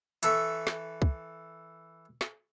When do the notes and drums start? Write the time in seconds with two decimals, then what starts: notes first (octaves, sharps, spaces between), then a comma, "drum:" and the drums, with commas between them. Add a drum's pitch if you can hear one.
0.23 E3 A4 E5 C#6, drum: hi-hat
0.67 drum: snare
1.02 drum: kick
2.21 drum: snare